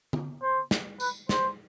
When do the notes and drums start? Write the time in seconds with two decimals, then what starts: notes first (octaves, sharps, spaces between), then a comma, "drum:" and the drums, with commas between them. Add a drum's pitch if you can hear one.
0.13 drum: tom
0.42 C5
0.71 drum: snare
1.00 B4, drum: tambourine
1.29 C5, drum: snare